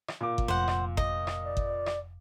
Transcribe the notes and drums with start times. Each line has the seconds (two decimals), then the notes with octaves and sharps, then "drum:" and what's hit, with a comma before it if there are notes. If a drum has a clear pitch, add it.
0.08 drum: rim click
0.21 A#2 D6
0.38 drum: kick G1
0.48 F1 C5 F#5
0.68 drum: rim click
0.97 D#5, drum: kick G1
1.27 drum: rim click
1.44 D5
1.57 drum: kick G1
1.86 drum: rim click